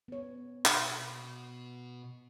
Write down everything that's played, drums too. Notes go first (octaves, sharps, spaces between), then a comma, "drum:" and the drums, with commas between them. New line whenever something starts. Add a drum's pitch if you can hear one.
B3 C#5
B2, drum: clap